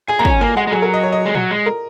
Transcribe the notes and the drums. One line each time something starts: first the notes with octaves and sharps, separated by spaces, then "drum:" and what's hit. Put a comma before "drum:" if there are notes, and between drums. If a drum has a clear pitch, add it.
G#4 G#5
A#3 A#5
C#4 G#5, drum: kick
A#3 G#5
G#3 F#5
G#3
F#3 G#4
A#4
D#5
C#5
D#5
G#3
F#3, drum: tom A#2
G#3
A#4